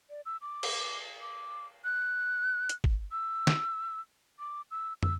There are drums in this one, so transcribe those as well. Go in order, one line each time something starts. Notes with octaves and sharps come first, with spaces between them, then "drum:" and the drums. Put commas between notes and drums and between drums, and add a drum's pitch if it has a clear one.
D5
E6
D6
drum: cymbal
D6
F#6
drum: hi-hat
drum: kick G#1
E6
drum: snare
D6
E6
E6, drum: tom